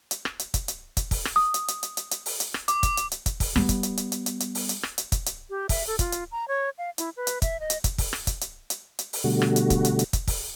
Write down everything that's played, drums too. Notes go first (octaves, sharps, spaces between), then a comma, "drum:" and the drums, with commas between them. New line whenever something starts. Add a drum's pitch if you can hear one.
drum: hi-hat
drum: rim click
drum: hi-hat
drum: kick, hi-hat
drum: hi-hat
drum: kick, hi-hat
drum: kick, open hi-hat
drum: rim click
D#6
drum: hi-hat
drum: hi-hat
drum: hi-hat
drum: hi-hat
drum: hi-hat
drum: open hi-hat
drum: hi-hat
drum: rim click
D6, drum: hi-hat
drum: kick, hi-hat
drum: hi-hat
drum: hi-hat
drum: kick, hi-hat
drum: kick, open hi-hat
G3 B3, drum: rim click
drum: kick, hi-hat
drum: hi-hat
drum: hi-hat
drum: hi-hat
drum: hi-hat
drum: hi-hat
drum: open hi-hat
drum: hi-hat
drum: rim click
drum: hi-hat
drum: kick, hi-hat
drum: hi-hat
G4
E5, drum: kick, open hi-hat
A4
F4, drum: kick, hi-hat
drum: hi-hat
A#5
C#5
F5
E4, drum: hi-hat
B4
drum: hi-hat
E5, drum: kick, hi-hat
D#5
drum: hi-hat
drum: kick, hi-hat
drum: kick, open hi-hat
drum: rim click
drum: kick, hi-hat
drum: hi-hat
drum: hi-hat
drum: hi-hat
drum: open hi-hat
B2 D3 G3 A3 F#4
drum: rim click
drum: hi-hat
drum: kick, hi-hat
drum: hi-hat
drum: hi-hat
drum: kick, hi-hat
drum: kick, open hi-hat